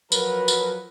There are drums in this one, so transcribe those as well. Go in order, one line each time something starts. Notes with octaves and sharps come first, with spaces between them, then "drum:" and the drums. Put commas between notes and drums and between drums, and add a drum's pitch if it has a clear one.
F3 F#3 A#4 B4, drum: tambourine
drum: tambourine